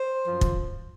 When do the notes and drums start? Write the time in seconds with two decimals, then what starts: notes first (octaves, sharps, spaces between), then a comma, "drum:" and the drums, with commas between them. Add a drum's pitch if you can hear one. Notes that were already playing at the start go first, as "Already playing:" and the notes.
Already playing: C5
0.26 F#2 F3
0.41 drum: kick